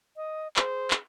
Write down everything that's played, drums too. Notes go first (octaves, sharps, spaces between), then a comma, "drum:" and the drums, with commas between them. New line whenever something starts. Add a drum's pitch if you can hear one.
D#5
G#4 C5, drum: clap
drum: clap